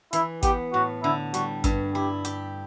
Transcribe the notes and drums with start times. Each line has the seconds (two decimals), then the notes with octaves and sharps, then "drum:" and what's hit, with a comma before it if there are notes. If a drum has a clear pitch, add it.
0.13 E3 E4, drum: hi-hat
0.43 B3 G4, drum: kick, hi-hat
0.73 A2 F#4
1.03 D3 E4
1.34 G3 F#4, drum: hi-hat
1.64 G2, drum: kick, hi-hat
1.95 E4 G4
2.25 G4, drum: hi-hat